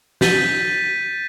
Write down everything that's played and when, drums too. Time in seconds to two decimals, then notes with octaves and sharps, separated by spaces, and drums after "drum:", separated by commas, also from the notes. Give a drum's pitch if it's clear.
0.21 G6 A6 B6 D#7, drum: snare